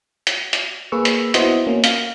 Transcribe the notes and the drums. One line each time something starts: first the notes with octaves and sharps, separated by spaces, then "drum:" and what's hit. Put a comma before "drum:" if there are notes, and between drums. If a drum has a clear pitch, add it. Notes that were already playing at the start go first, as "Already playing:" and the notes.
drum: hi-hat
drum: hi-hat
A#3 G#4 B4 C#6 E6
drum: hi-hat
B3 E4 F#4 C5 D#5, drum: hi-hat
A#3 C#4
F5, drum: hi-hat